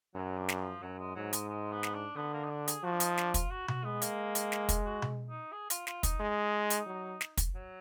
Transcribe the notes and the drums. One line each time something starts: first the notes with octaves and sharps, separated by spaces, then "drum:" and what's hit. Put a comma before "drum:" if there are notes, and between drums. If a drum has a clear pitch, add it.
F#2 F#3
D4
drum: snare
F3
F#2 F#3
G#3
G#2 F#3
G#3, drum: hi-hat
G#3
B3
drum: snare
D4
D3 B3
A#3
D#4
D4
G#4, drum: hi-hat
F3 F#4
D4
D#4, drum: hi-hat
D4, drum: snare
F4, drum: kick, hi-hat
F#4
F#4, drum: tom B2
G#3 B3
A#3, drum: hi-hat
drum: hi-hat
drum: snare
drum: kick, hi-hat
F#4
drum: tom B2
D#4
G#4
F4, drum: hi-hat
F4, drum: snare
D#4, drum: kick, hi-hat
G#3
drum: hi-hat
F#3
drum: snare
drum: kick, hi-hat
F#3